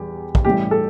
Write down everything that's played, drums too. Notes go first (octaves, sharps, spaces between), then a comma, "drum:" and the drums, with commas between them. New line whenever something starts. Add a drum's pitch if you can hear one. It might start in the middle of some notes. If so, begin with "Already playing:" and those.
Already playing: E1 E2 G3 G4
drum: kick
A1 A2 E3 G3 G4
A4